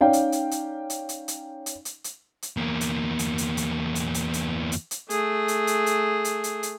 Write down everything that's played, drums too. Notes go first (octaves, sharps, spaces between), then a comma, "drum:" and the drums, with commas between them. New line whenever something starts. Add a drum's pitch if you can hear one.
C#4 D#4 D5 F5 G5
drum: hi-hat
drum: hi-hat
drum: hi-hat
drum: hi-hat
drum: hi-hat
drum: hi-hat
drum: hi-hat
drum: hi-hat
drum: hi-hat
drum: hi-hat
E2 A#3
drum: hi-hat
drum: hi-hat
drum: hi-hat
drum: hi-hat
drum: hi-hat
drum: hi-hat
drum: hi-hat
drum: hi-hat
drum: hi-hat
A3 G#4, drum: hi-hat
drum: hi-hat
drum: hi-hat
drum: hi-hat
drum: hi-hat
drum: hi-hat
drum: hi-hat